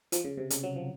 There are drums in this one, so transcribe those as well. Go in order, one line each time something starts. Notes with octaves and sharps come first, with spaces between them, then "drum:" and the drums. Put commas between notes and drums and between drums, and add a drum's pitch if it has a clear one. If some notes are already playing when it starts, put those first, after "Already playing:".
F3, drum: hi-hat
C#3
C3
C#3, drum: hi-hat
F#3
F3